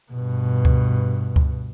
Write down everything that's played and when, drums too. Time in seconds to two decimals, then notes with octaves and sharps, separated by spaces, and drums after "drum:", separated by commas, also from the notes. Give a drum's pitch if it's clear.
0.11 G2 B2
0.65 drum: kick C#2
1.36 drum: kick C#2